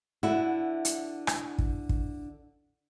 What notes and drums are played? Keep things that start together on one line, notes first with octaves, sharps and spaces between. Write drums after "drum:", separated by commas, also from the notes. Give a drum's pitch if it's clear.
D3 E4 F#4
drum: hi-hat
drum: rim click
drum: kick
drum: kick